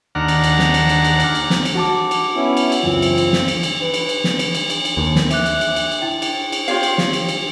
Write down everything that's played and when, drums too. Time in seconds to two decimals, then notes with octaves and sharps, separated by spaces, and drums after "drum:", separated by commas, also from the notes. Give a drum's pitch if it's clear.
0.15 D#2 D4 F#5 A#5 F6
0.28 drum: cymbal
0.44 drum: cymbal
0.59 drum: snare
0.74 drum: cymbal
0.89 drum: cymbal
1.05 drum: cymbal
1.20 drum: cymbal
1.35 drum: cymbal
1.50 drum: snare
1.65 drum: cymbal
1.75 F#4 A5 D6
2.11 drum: cymbal
2.34 B3 C#4 E4
2.57 drum: cymbal
2.72 drum: cymbal
2.83 C#2 F#2 E3 C4 F4
3.02 drum: cymbal
3.18 drum: cymbal
3.33 drum: snare
3.48 drum: cymbal
3.63 drum: cymbal
3.82 B4
3.94 drum: cymbal
4.09 drum: cymbal
4.24 drum: snare
4.39 drum: cymbal
4.55 drum: cymbal
4.70 drum: cymbal
4.85 drum: cymbal
4.97 D#2
5.15 drum: snare
5.31 E5 D6 F#6, drum: cymbal
5.46 drum: cymbal
5.61 drum: cymbal
5.76 drum: cymbal
5.92 drum: cymbal
6.02 E4 G5
6.22 drum: cymbal
6.52 drum: cymbal
6.68 F4 G4 C#5 F5, drum: cymbal
6.83 drum: cymbal
6.98 drum: snare
7.13 drum: cymbal
7.29 drum: cymbal